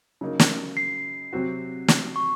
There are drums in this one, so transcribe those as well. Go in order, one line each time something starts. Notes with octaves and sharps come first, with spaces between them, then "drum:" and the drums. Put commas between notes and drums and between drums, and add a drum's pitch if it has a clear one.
C#3 F#3 A#3 D#4
drum: snare
C7
C3 F#3 C4 F#4
drum: snare
C#6